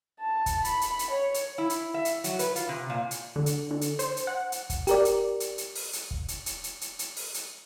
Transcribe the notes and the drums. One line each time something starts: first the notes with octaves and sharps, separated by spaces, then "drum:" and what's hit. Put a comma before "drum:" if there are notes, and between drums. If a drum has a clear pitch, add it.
A5
drum: kick, hi-hat
B5, drum: hi-hat
drum: hi-hat
drum: hi-hat
C#5
drum: hi-hat
E4
drum: hi-hat
E5
drum: hi-hat
F#3, drum: hi-hat
B4, drum: hi-hat
F4, drum: hi-hat
C3
A#2
drum: hi-hat
D3
drum: hi-hat
D3
drum: hi-hat
C5, drum: hi-hat
drum: hi-hat
F#5
drum: hi-hat
drum: kick, hi-hat
G4 A#4 D5, drum: hi-hat
drum: hi-hat
drum: hi-hat
drum: hi-hat
drum: open hi-hat
drum: hi-hat
drum: kick
drum: hi-hat
drum: hi-hat
drum: hi-hat
drum: hi-hat
drum: hi-hat
drum: open hi-hat
drum: hi-hat